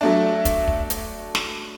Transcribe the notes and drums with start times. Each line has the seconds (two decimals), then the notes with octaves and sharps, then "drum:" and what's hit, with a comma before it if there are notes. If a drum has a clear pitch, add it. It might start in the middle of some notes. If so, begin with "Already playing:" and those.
0.01 F#3 A3 D4 E5
0.45 drum: kick, hi-hat
0.68 drum: kick
0.90 drum: hi-hat
1.35 drum: snare